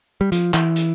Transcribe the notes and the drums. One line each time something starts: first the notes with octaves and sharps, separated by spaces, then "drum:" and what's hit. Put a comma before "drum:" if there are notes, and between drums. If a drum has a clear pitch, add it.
G3
F3, drum: hi-hat
E3, drum: clap
drum: hi-hat